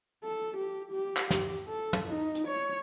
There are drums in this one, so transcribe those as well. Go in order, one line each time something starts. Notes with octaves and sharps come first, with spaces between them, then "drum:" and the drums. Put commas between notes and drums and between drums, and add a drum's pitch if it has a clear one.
A4
G4
G4
drum: clap
G4, drum: snare
A4
drum: tom
D#4
drum: hi-hat
C#5